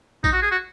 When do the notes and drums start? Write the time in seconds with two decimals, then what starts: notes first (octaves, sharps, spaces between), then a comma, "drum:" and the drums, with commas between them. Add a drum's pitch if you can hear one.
0.24 D#4, drum: kick, tambourine
0.33 F#4
0.42 G#4
0.51 F#4